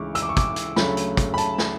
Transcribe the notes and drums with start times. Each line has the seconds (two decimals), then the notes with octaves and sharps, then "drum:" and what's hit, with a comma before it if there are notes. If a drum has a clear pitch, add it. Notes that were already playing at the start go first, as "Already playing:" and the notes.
Already playing: D2 C#3 E3 G#3 C#6 D6
0.15 E6, drum: hi-hat
0.22 D6
0.29 C#6
0.37 D6, drum: kick, hi-hat
0.56 drum: hi-hat
0.76 D2 C#3 F#3 A3 B5, drum: snare
0.97 drum: hi-hat
1.17 drum: kick, hi-hat
1.34 B5
1.38 A5, drum: hi-hat
1.58 drum: snare